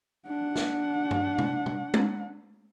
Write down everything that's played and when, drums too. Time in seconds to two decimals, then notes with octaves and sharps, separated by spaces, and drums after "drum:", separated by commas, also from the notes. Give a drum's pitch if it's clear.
0.28 D4 F#5
0.56 drum: snare
1.11 drum: tom G2
1.38 drum: tom
1.66 drum: tom
1.94 drum: tom